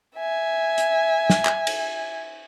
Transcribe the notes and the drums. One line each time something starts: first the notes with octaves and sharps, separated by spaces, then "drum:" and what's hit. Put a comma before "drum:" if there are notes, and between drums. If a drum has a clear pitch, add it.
E5 G#5
drum: hi-hat
drum: snare
drum: clap
drum: cymbal